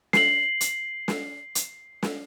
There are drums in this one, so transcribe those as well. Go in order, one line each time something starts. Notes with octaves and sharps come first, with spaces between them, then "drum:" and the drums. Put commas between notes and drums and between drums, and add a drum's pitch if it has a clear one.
C7 F#7, drum: snare
drum: hi-hat
drum: snare
drum: hi-hat
drum: snare